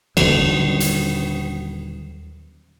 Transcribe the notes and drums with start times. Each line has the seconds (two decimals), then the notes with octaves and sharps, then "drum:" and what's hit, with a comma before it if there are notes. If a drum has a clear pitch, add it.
0.17 D#1 A#1 D3 F#3, drum: cymbal
0.80 drum: hi-hat